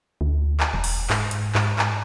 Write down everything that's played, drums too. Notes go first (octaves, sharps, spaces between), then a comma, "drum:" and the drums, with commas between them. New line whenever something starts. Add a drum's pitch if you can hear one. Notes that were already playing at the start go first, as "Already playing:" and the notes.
D2
drum: clap
E1
drum: open hi-hat
G#2, drum: clap
drum: hi-hat
G#2, drum: clap
drum: clap